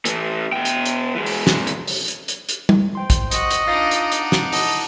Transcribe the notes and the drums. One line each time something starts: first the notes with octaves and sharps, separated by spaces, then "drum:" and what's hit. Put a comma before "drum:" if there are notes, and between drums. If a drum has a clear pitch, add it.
E3 A3, drum: hi-hat
B2 G5
drum: hi-hat
drum: hi-hat
E3 G#3
drum: open hi-hat
drum: snare
drum: hi-hat
drum: open hi-hat
drum: hi-hat
drum: hi-hat
drum: hi-hat
drum: tom
C5 G5 C6
drum: kick, hi-hat
F#4 D#5, drum: hi-hat
drum: hi-hat
D4 D#4 F4 F5 A6
drum: hi-hat
drum: hi-hat
F#5
drum: snare
E4 D#5 F#5 A5, drum: open hi-hat